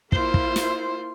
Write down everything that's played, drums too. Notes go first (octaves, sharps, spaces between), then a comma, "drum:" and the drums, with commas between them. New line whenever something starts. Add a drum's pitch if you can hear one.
A#3 E4 F4 C5, drum: kick
drum: kick
drum: snare